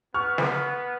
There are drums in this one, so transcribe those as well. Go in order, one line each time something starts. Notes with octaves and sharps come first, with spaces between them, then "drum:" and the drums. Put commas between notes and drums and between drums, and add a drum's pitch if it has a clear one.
B3 C#6 F6
drum: snare